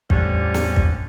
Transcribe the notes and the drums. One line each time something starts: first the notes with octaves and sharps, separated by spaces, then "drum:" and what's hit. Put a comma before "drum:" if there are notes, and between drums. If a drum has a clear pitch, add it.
E2 A2 D3 F3 G3 C#4, drum: kick
drum: snare
drum: kick